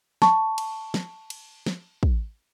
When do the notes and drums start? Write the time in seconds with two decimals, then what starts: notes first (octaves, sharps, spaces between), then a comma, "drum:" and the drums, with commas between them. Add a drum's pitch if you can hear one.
0.22 A5 C#6, drum: snare
0.58 drum: cymbal
0.94 drum: snare
1.30 drum: cymbal
1.66 drum: snare
2.03 drum: kick